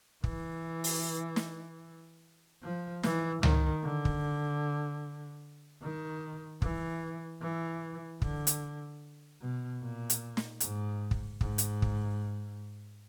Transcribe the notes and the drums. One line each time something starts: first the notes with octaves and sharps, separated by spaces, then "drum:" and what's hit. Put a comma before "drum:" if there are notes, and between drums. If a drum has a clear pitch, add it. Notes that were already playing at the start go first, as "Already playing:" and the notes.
E3, drum: kick
drum: open hi-hat
drum: snare
F3
E3, drum: snare
D#3, drum: tom C#2
D3
drum: kick
D#3
E3, drum: kick
E3
D3, drum: kick
drum: hi-hat
B2
A#2
drum: hi-hat
drum: snare
G#2, drum: hi-hat
drum: kick
G#2, drum: kick
drum: hi-hat
drum: kick